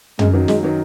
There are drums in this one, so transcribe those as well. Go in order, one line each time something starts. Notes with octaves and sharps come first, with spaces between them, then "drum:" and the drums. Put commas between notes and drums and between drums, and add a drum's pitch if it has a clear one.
F#2 G#3, drum: tom
D#3 F#3
F#2 G#3, drum: snare
D#3 F#3